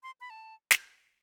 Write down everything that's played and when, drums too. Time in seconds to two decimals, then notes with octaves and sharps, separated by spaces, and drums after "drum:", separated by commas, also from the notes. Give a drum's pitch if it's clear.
0.03 C6
0.21 B5
0.30 A5
0.71 drum: snare